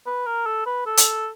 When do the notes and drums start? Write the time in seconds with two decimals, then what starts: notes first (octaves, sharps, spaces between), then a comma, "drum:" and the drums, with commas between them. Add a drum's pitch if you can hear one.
0.06 B4
0.26 A#4
0.46 A4
0.66 B4
0.86 A4
0.97 drum: hi-hat